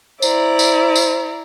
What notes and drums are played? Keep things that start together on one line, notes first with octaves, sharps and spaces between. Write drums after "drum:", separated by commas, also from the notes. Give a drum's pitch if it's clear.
E4 C5 D5 A#5, drum: tambourine
drum: tambourine
drum: tambourine